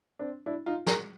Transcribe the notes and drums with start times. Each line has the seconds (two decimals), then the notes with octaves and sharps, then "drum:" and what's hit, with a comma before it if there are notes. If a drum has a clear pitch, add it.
0.19 C4 D4
0.46 D4 E4
0.66 D#4 F4
0.86 G#4 A#4, drum: snare